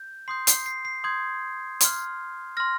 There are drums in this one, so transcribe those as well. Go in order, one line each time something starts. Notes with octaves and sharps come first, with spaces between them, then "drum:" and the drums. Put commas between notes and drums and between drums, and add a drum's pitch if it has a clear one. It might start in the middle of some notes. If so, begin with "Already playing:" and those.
Already playing: G6
C6 D#6 G6 C7
C7, drum: hi-hat
C7
C7
C6 D#6 G6 G#6
C6 F6, drum: hi-hat
C6 F6 A#6